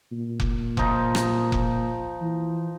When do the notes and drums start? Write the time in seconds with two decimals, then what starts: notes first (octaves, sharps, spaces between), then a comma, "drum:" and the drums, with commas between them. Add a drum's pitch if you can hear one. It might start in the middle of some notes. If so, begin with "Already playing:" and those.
0.12 A#2
0.40 drum: kick F1
0.77 F3 D#4, drum: kick F1
1.15 drum: rim click
1.52 drum: kick F1
2.21 E3